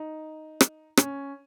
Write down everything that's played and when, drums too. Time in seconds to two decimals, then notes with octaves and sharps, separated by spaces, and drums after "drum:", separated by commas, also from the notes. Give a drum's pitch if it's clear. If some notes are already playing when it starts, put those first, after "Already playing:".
Already playing: D#4
0.61 drum: rim click
0.97 C#4, drum: rim click